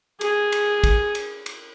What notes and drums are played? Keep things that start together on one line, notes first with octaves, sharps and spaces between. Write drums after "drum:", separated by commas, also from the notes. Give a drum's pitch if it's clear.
G#4, drum: cymbal
drum: cymbal
drum: kick, cymbal
drum: cymbal
drum: cymbal